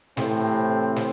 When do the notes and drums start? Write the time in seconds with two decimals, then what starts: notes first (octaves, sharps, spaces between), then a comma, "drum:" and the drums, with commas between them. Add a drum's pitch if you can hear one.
0.17 A2 C3 E3 C4, drum: snare
0.96 drum: snare